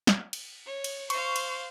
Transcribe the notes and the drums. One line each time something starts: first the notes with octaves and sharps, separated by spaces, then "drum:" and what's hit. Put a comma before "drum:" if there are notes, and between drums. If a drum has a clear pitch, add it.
drum: snare
drum: cymbal
C#5
drum: cymbal
C5 F5 C#6, drum: cymbal
drum: cymbal